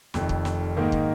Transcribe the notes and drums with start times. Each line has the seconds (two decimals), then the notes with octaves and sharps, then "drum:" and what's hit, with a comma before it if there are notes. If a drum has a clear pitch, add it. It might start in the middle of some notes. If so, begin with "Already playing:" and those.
0.14 F1 F2 D#3, drum: snare
0.29 drum: kick
0.45 drum: snare
0.77 G#2 D#3 A#3
0.92 drum: kick